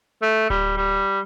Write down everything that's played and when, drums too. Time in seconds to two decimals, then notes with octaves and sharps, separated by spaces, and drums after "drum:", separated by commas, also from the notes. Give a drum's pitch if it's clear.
0.22 A3
0.50 G3, drum: kick D1
0.77 G3